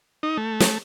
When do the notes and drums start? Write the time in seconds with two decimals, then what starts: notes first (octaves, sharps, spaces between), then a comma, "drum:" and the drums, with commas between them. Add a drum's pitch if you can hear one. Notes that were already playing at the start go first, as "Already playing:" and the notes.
0.23 D#4
0.37 A3
0.60 drum: snare